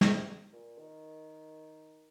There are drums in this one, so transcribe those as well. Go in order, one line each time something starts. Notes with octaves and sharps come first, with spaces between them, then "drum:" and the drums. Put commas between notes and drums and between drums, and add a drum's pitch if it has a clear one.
C3, drum: snare
A#2
D#3